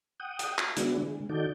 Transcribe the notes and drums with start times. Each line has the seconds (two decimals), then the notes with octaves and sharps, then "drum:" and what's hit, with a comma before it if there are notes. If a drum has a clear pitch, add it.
0.20 F#5 G5 D#6
0.39 drum: hi-hat
0.58 drum: clap
0.76 D3 G#3 B3 D4 E4 F#4, drum: hi-hat
1.03 D3 G#3
1.29 D#3 D#4 F#4 A4 D5 G6